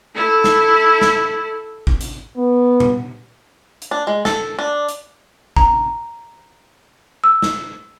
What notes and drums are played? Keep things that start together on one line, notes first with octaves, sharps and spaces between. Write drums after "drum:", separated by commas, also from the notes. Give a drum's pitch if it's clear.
E4 A4
drum: snare
drum: snare
drum: kick G#1
drum: hi-hat
B3
drum: tom A#2
drum: hi-hat
D4
G#3
A4, drum: snare
D4
drum: hi-hat
A#5, drum: kick G#1
E6
drum: snare